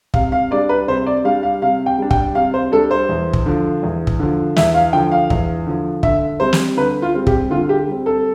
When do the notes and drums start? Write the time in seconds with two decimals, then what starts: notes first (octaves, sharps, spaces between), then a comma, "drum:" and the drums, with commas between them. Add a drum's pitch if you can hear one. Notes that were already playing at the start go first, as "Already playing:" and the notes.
0.14 C3 F5, drum: kick
0.32 F5
0.51 G3 D4 D5
0.69 B4
0.88 C3 C5
1.06 D5
1.25 G3 D4 F5
1.43 F5
1.62 C3 F5
1.86 G5
1.98 G3 D4
2.11 G5, drum: kick
2.35 C3 F5
2.54 C5
2.72 G3 D4 A4
2.91 C5
3.09 E2
3.33 drum: kick
3.46 D3 F3
3.83 E2
4.07 drum: kick
4.20 D3 F3
4.56 E2 E5, drum: snare
4.74 F5
4.93 D3 F3 G5
5.12 F5
5.30 E2, drum: kick
5.66 D3 F3
6.03 D3 E5, drum: kick
6.40 G3 C4 C5
6.53 drum: snare
6.77 D3 B4
7.02 F4
7.15 G3 C4
7.27 G4, drum: kick
7.50 D3 F4
7.69 G4
7.87 G3 C4
8.06 A4